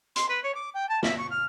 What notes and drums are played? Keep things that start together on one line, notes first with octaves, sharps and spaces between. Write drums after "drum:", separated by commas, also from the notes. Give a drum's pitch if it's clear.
C6, drum: hi-hat
B4
C#5
D6
G5
A5
E5, drum: snare
C#6
F6